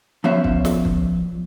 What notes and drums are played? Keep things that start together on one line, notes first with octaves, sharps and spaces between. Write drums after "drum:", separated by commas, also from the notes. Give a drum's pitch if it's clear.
F3 B3 C#4 C5 E5
drum: kick
drum: snare
drum: kick